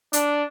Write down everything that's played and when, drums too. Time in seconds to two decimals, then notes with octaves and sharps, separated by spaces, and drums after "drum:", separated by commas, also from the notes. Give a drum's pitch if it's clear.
0.13 D4, drum: hi-hat